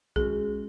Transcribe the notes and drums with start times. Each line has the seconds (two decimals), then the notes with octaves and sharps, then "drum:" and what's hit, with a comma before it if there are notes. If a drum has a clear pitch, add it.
0.16 G#3 C#4 F#4 G#4, drum: kick B1